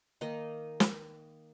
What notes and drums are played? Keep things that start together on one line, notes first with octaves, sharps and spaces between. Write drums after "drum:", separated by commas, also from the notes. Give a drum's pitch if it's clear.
D#3 A#3 D#4 D#5
drum: snare